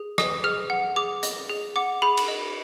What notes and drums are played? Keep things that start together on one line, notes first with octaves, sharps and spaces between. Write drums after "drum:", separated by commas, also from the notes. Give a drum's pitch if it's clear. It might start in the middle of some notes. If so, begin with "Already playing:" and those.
Already playing: G#4
D#5 D#6, drum: rim click
G#4 F6
F#5
G#4 D6
D#5, drum: hi-hat
G#4
F#5 D6
G#4 B5
drum: cymbal
D#5